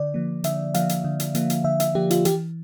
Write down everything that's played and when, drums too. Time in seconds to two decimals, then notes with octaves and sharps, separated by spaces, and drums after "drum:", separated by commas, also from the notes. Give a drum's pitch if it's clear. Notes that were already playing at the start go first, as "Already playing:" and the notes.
Already playing: D3 D5
0.14 F3 A#3
0.44 D3 E5, drum: hi-hat
0.74 F3 A#3 F5, drum: hi-hat
0.89 drum: hi-hat
1.04 D3
1.20 drum: hi-hat
1.35 F3 A#3, drum: hi-hat
1.50 drum: hi-hat
1.64 D3 E5
1.80 E5, drum: hi-hat
1.95 F3 A#3 G4
2.11 F4, drum: hi-hat
2.25 E3 G4, drum: hi-hat